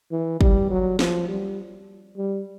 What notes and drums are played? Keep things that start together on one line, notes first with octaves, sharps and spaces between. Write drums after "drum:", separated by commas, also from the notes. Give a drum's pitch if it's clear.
E3
G3, drum: kick
F#3
F3, drum: snare
G3
G3